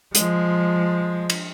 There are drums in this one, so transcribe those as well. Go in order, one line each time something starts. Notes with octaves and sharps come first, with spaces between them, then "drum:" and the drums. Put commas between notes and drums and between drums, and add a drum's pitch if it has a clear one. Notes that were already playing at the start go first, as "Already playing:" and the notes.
F3 G#3, drum: hi-hat
drum: cymbal